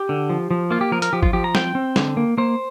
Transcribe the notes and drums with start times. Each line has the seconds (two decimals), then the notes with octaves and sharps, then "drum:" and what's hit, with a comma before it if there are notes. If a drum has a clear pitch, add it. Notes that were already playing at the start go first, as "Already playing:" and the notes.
Already playing: G4
0.09 D3
0.30 F3
0.51 F3
0.70 A#3 F4
0.81 G4
0.92 F3 A#4
1.02 A#4, drum: hi-hat
1.13 F3 G4
1.23 F4, drum: kick G#1
1.33 F3 G4
1.44 A#5
1.55 C4 G5, drum: snare
1.75 C4
1.96 D3, drum: snare
2.17 A#3
2.38 A#3 C5